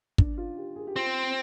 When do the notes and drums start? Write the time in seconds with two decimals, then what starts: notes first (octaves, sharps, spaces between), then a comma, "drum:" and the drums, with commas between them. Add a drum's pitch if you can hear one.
0.18 D4, drum: kick
0.37 F4
0.57 G4
0.76 G#4
0.87 G4
0.96 C4 F4